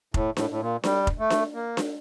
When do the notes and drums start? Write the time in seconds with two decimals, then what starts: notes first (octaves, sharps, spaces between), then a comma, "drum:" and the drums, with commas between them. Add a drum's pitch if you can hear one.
0.14 A2, drum: kick F1
0.37 A2, drum: snare D4
0.50 A2
0.60 A#2
0.84 G3, drum: snare D4
1.07 drum: kick F1
1.19 A3
1.30 drum: snare D4
1.54 A#3
1.77 drum: snare D4